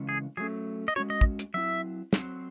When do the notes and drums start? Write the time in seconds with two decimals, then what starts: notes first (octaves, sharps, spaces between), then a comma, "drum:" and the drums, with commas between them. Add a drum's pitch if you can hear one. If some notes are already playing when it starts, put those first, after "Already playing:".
Already playing: C#3 E3 G#3 C#4
0.09 G#4
0.37 F#3 A3 C#4 G#4
0.88 D#5
0.96 G#3 C#4 F#4 C#5
1.10 D#5
1.21 drum: kick
1.39 drum: hi-hat
1.54 F#3 C4 E4 E5
2.13 F#3 C4 F#4 C5, drum: snare